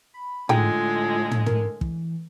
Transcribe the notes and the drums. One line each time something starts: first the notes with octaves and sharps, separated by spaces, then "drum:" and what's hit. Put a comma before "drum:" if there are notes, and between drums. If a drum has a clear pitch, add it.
B5
A2 D3 G#3 D#4 F4 G#4 G5, drum: tom
drum: tom
A#4, drum: tom
E3, drum: kick